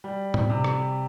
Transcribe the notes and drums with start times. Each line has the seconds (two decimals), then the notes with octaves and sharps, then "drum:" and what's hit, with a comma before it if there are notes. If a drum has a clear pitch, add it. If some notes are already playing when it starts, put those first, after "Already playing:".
0.04 G3
0.34 drum: tom
0.49 C3
0.64 drum: rim click